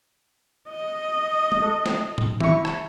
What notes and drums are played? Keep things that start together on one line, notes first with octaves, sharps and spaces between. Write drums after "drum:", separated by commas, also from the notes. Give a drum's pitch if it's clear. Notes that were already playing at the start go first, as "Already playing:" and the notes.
D#5
drum: tom G#3
A4
drum: snare
drum: tom
E4 E5 C#6, drum: tom
drum: rim click